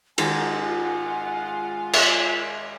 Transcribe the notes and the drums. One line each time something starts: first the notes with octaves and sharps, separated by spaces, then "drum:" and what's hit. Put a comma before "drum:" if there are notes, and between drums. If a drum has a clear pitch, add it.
G#2 D#3 G#3 F4 G#4 F#5 G#5, drum: cymbal
drum: cymbal